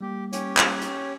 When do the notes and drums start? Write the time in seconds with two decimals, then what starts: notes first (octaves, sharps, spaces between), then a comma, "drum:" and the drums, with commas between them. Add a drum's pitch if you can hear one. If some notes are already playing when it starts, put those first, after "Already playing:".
0.01 G3 A#3 G4
0.33 C#4 G4 C#5, drum: hi-hat
0.57 drum: clap
0.81 drum: hi-hat